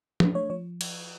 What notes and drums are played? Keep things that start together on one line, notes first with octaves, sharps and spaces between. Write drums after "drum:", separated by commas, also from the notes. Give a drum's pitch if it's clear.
D4 B4, drum: tom
A3 C#5
F3 C#5
drum: cymbal